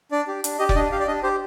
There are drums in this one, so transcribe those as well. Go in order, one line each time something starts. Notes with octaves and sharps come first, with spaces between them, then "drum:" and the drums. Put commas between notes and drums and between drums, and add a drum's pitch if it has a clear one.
D4 D5
G4
D4, drum: hi-hat
G4 D#5
D5, drum: kick F1
D4 D#5
G4 F5
D5
D4 D#5
G4 C5